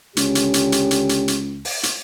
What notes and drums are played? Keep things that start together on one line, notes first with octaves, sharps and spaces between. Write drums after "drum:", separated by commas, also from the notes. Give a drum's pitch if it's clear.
C#2 D3 C#4 G4, drum: hi-hat
drum: hi-hat
drum: hi-hat
drum: hi-hat
drum: hi-hat
drum: hi-hat
drum: hi-hat
drum: open hi-hat
drum: hi-hat